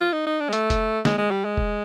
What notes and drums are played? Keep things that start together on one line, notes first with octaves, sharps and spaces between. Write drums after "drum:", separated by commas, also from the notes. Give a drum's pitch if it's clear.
F4
D#4
D#4
D4
G#3
A3, drum: hi-hat
drum: kick F1, hi-hat
G#3, drum: snare
G#3
G3
G#3
drum: kick F1